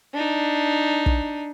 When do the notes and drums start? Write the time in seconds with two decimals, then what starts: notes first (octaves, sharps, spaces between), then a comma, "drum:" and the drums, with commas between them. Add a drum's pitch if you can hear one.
0.14 D4 D#4
1.06 drum: kick